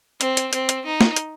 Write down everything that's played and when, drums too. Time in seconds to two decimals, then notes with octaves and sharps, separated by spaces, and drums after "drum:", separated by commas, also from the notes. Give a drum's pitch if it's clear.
0.21 C4, drum: hi-hat
0.37 drum: hi-hat
0.53 C4, drum: hi-hat
0.69 drum: hi-hat
0.85 D#4
1.01 drum: snare
1.16 drum: hi-hat